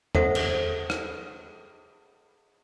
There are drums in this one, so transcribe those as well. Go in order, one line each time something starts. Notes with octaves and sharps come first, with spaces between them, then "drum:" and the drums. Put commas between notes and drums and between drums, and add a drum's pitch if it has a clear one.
A4 C5 E5 F#5, drum: tom E2
drum: cymbal
drum: rim click